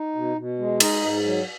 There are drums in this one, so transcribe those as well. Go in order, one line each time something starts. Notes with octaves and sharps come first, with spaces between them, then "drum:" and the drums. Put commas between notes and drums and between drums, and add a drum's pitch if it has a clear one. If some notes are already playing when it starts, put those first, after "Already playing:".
Already playing: D#4
B2
B2
G#3
D#4 D#5, drum: cymbal
G#2
F#3